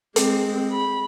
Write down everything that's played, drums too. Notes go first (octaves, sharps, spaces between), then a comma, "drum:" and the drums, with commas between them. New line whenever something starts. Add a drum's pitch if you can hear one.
G#3 C4, drum: hi-hat
B5